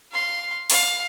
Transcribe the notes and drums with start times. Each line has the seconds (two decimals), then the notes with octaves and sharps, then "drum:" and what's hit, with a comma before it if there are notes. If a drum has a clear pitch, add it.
0.12 F5 C6
0.70 F5, drum: open hi-hat